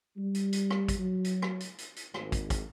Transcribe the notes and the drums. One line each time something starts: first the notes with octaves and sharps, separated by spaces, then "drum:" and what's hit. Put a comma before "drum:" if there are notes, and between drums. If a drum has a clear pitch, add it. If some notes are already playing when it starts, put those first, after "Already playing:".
G3
drum: hi-hat
drum: hi-hat
drum: rim click
drum: kick, hi-hat
F#3
drum: hi-hat
drum: rim click
drum: hi-hat
drum: hi-hat
drum: hi-hat
G#1, drum: rim click
drum: kick, hi-hat
drum: kick, hi-hat